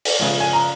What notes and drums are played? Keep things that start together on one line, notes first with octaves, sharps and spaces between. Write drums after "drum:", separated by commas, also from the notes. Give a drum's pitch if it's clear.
drum: open hi-hat
C#3 F3 G#3
G#5
A#5